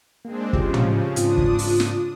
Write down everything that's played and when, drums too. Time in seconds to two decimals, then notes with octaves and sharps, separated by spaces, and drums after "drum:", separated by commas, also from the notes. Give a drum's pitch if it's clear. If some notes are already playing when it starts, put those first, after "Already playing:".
0.25 G#3 A#3 C4 D4
0.53 C#3 F3 F4 G4, drum: kick
0.74 drum: tom
1.16 G#2 C4 D4 F4 D#6, drum: hi-hat
1.37 drum: kick
1.59 drum: open hi-hat
1.80 drum: snare